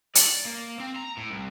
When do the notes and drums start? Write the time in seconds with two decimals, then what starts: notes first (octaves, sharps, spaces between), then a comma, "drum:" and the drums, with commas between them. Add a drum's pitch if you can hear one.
0.15 D5, drum: hi-hat
0.45 A#3
0.80 C4
0.96 A#5
1.17 A2
1.31 C2